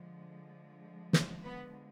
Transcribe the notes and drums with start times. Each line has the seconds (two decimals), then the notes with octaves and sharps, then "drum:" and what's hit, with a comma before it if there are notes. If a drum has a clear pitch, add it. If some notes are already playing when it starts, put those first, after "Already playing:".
Already playing: D3 F3 G#3
1.13 drum: snare
1.44 B3 B4